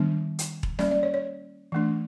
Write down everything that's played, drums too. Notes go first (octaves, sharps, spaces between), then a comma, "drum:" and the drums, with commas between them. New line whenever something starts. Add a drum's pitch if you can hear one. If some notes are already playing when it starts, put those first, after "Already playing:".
Already playing: D#3 G3 B3 D4
drum: hi-hat
drum: kick E1
G3 A#3 C#4 D5, drum: snare
D5
C#5
C#5
E3 A3 D4